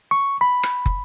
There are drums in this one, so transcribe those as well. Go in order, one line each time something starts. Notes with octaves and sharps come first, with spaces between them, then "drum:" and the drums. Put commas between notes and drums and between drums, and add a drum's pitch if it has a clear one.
C#6
B5
drum: rim click
drum: kick